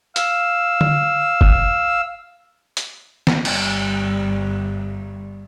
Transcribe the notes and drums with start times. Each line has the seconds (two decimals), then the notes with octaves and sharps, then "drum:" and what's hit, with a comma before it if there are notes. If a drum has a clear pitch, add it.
0.16 F5 E6, drum: hi-hat
0.81 drum: tom D3
1.41 drum: kick
2.77 drum: hi-hat
3.27 drum: snare
3.45 G1 G3, drum: cymbal